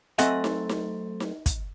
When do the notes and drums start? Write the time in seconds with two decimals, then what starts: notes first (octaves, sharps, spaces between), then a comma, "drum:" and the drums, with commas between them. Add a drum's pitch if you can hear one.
0.18 F#3 A3 C4 D#5 F#5 G#5, drum: hi-hat
0.44 drum: snare D#4
0.69 drum: snare D#4
1.20 drum: snare D#4
1.46 drum: kick, hi-hat